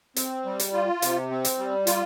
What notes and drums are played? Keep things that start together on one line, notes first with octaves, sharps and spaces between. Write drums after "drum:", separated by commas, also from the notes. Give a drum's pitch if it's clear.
C4, drum: hi-hat
G3
drum: hi-hat
F4
C3, drum: hi-hat
C4
drum: hi-hat
G3
F4, drum: hi-hat